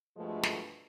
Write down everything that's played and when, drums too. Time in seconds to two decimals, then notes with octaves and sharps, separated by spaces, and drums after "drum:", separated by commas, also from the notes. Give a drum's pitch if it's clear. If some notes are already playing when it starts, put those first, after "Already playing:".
0.17 G2 B2 F3 G#3 A3
0.43 drum: snare